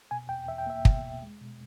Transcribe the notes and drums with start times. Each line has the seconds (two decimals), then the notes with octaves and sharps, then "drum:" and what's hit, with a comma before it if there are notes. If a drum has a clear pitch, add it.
0.11 B2 G#5
0.29 E2 G5
0.48 E2 E5
0.58 G5
0.66 A#3 E5
0.85 B2, drum: kick
1.04 E2
1.22 G#3
1.41 B2